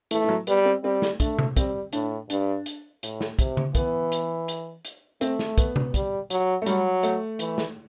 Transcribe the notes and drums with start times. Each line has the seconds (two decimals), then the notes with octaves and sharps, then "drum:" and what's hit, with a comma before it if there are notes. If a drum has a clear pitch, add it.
0.11 E3 A3, drum: hi-hat
0.24 E3
0.29 F#3
0.47 G3 B3, drum: hi-hat
0.65 C4
0.84 G3 C4
1.02 drum: snare
1.20 A3 D4, drum: kick, hi-hat
1.39 drum: tom C3
1.57 G3 C4, drum: kick, hi-hat
1.93 A2 D4, drum: hi-hat
2.30 G2 D4, drum: hi-hat
2.66 drum: hi-hat
3.03 A2, drum: hi-hat
3.21 drum: snare
3.39 C3, drum: kick, hi-hat
3.57 drum: tom C#3
3.75 E3 B3, drum: kick, hi-hat
4.12 drum: hi-hat
4.48 drum: hi-hat
4.85 drum: hi-hat
5.21 A3 C4, drum: hi-hat
5.39 drum: snare
5.58 B3, drum: kick, hi-hat
5.76 drum: tom C3
5.94 G3, drum: kick, hi-hat
6.30 F#3, drum: hi-hat
6.62 A3
6.66 F#3 G3, drum: hi-hat
7.03 A3, drum: hi-hat
7.39 E3, drum: hi-hat
7.58 drum: snare